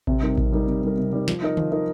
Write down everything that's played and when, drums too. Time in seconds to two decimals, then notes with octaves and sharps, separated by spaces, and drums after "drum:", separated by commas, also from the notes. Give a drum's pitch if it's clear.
0.07 C3, drum: kick A1
0.22 G3 D#4 A#4
0.38 C3, drum: kick A1
0.53 G3 D#4 A#4
0.67 C3
0.82 G3 D#4 A#4
0.98 C3
1.12 G3 D#4 A#4
1.28 F3, drum: snare
1.42 D#4 A#4 D#5
1.57 F3, drum: tom D3
1.72 D#4 A#4 D#5